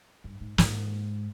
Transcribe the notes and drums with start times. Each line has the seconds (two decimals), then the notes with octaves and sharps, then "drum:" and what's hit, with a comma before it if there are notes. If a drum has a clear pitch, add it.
0.24 G2
0.40 G#2
0.58 G#2, drum: snare